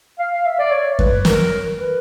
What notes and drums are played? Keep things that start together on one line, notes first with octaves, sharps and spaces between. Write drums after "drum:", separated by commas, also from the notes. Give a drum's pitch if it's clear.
F5
F5
E5
D5
C#5
B4, drum: kick F#2
A#4, drum: snare
B4